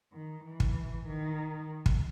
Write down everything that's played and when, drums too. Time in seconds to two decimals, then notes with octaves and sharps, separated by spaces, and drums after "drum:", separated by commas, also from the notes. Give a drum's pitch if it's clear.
0.13 D#3
0.44 E3
0.60 drum: kick
1.07 D#3
1.86 drum: kick